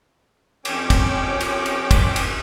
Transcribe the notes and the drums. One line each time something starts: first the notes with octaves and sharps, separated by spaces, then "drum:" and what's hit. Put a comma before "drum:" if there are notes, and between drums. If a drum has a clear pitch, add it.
F2 C#4 C#5 G5 D6, drum: cymbal
drum: kick, cymbal
drum: cymbal
drum: cymbal
drum: kick, cymbal
drum: cymbal